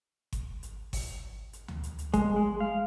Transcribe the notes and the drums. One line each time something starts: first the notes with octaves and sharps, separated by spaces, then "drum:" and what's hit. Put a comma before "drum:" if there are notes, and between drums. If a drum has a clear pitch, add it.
drum: kick G1, hi-hat
drum: hi-hat
drum: kick G1, open hi-hat
drum: hi-hat
drum: tom D2
drum: hi-hat
drum: hi-hat
G#3, drum: kick G1, hi-hat
G#3
F5